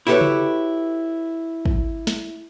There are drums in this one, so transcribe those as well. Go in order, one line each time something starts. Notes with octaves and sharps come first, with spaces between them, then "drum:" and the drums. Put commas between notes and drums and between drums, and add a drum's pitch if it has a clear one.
E4 F#4 G4 A4 B4 C#5
drum: tom C#3
drum: kick
drum: snare